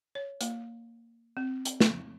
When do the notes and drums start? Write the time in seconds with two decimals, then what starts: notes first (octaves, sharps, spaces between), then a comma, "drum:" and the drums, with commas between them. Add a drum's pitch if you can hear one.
0.15 C#5
0.41 A#3, drum: hi-hat
1.37 C4
1.65 drum: hi-hat
1.80 drum: snare